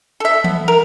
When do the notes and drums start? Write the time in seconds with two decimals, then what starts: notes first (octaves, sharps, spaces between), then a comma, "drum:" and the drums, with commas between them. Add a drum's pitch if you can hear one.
0.20 A4 E5
0.44 B3, drum: tom E3
0.68 A#4